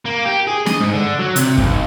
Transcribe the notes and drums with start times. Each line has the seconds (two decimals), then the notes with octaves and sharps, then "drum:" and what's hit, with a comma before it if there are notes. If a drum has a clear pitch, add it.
0.06 A#3
0.26 G4
0.47 G#4
0.66 D#5, drum: snare
0.81 G#2
0.93 D3
1.19 F#3
1.36 C3, drum: hi-hat
1.58 B1, drum: kick F#2